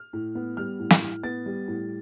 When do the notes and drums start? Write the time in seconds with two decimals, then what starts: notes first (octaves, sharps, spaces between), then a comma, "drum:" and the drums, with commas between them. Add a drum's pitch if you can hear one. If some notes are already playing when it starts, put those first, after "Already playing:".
Already playing: F6
0.13 A2
0.35 B3
0.57 G3 F6
0.80 A2
0.90 drum: snare
1.02 A2
1.24 B3 A6
1.46 G3
1.68 A2